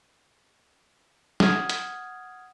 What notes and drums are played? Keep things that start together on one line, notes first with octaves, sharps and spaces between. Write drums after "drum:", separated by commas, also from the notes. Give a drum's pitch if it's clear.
F#5 D#6 F6 G#6, drum: snare
drum: hi-hat